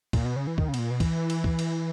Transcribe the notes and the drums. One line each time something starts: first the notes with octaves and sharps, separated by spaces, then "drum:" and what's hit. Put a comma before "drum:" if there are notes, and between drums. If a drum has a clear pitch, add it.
A#2, drum: kick, cymbal
B2
C#3
E3
D#3, drum: kick
C#3
B2, drum: cymbal
A#2
B2
E3, drum: kick, cymbal
drum: cymbal
drum: kick
drum: cymbal